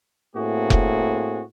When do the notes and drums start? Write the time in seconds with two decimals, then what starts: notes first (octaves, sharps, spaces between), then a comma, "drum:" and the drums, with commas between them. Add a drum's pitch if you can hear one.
0.36 A2 A3 A#3 C4 F#4 G#4
0.70 drum: kick F1